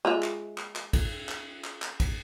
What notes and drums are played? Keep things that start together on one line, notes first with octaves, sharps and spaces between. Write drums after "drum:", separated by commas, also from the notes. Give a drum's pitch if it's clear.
G#3 F4 E5
drum: clap
drum: clap
drum: clap
drum: kick, cymbal
drum: clap
drum: clap
drum: clap
drum: kick, cymbal